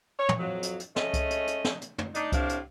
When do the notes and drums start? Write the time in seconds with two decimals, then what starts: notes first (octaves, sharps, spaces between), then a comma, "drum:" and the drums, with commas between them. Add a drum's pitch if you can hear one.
0.19 C#5
0.29 drum: tom
0.39 F2 F#3
0.63 drum: hi-hat
0.80 drum: hi-hat
0.96 G#3 A3 C#4 D#5, drum: snare
1.14 drum: kick C2, hi-hat
1.31 drum: hi-hat
1.47 drum: hi-hat
1.64 drum: snare
1.81 drum: hi-hat
1.98 drum: tom
2.15 D4 D#4, drum: hi-hat
2.32 A2 C3 C4 D4 F5, drum: kick C2, hi-hat
2.49 drum: hi-hat